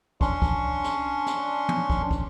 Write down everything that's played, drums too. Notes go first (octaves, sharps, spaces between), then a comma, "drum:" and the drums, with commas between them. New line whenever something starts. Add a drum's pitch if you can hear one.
C#4 D4 C6 C#6, drum: kick
drum: kick
drum: snare
drum: snare
drum: tom
drum: kick
drum: kick